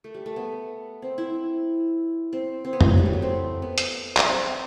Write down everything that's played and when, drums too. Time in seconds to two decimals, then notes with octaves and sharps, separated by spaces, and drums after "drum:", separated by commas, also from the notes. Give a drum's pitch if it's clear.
0.04 A3
0.14 G3
0.26 A3
0.36 B3
1.02 C4
1.18 E4
2.33 C4
2.65 C4
2.73 B3
2.81 E3, drum: tom F2
2.90 F#3
2.98 G3
3.06 F#3
3.13 A3
3.22 C4
3.62 B3
3.78 drum: hi-hat
4.17 drum: clap
4.28 C4